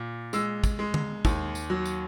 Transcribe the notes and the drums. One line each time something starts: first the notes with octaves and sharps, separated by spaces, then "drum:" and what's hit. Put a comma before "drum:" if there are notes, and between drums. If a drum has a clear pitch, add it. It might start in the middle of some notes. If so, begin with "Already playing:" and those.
Already playing: A#2
G#3 E6, drum: tambourine
drum: kick, tambourine
G#3
drum: tom D3
D#2, drum: kick, tambourine
drum: tambourine
F#3
drum: tambourine